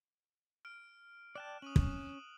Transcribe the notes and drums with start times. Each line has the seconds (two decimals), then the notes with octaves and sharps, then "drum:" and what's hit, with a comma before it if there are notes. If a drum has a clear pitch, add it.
0.65 F6 D7
1.35 D5 G5 A5 F#6 E7
1.62 C#4 D#6 D#7 F#7
1.76 drum: kick